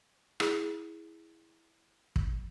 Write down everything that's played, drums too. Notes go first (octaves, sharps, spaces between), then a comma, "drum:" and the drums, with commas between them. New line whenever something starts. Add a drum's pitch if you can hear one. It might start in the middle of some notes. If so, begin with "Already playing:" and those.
E4 G#4, drum: rim click
drum: kick